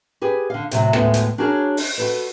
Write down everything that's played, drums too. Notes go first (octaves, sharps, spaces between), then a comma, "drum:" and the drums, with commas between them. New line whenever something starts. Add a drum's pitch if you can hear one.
G4 G#4 B4
D3 F5
A2 C3 F#3, drum: hi-hat
D2 A2 G#3 B3 A4, drum: rim click
drum: hi-hat
D4 F#4 G#4 A#4 C#5
drum: open hi-hat
F#4 A4 B4